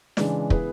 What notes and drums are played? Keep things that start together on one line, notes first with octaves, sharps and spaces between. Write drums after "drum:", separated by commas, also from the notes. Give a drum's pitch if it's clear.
C#3 E3 G#3 D4, drum: snare
B3 E4 G#4 B4, drum: kick